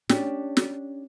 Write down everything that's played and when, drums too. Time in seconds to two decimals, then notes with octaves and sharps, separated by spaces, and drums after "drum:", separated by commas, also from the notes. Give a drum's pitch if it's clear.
0.09 C#4 D4 G4, drum: snare
0.57 drum: snare